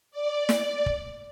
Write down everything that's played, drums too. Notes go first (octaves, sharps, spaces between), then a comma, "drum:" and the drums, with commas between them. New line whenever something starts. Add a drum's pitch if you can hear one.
D5
drum: snare
drum: kick